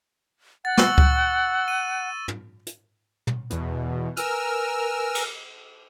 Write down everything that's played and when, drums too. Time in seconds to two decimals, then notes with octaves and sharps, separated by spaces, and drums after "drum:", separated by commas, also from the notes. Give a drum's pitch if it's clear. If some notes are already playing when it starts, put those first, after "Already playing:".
0.65 F#5 A6
0.77 C#6 E6 F#7, drum: snare
0.98 drum: kick C#2
1.68 D#7
2.28 drum: tom
2.66 drum: hi-hat
3.27 drum: tom
3.50 E2 B2, drum: hi-hat
4.17 A#4 B4 G#5 E6 F6, drum: hi-hat
5.15 drum: cymbal